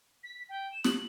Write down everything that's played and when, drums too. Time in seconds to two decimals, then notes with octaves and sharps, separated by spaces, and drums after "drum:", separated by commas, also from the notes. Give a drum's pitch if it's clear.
0.24 B6
0.49 G5
0.72 E7
0.84 F#7, drum: snare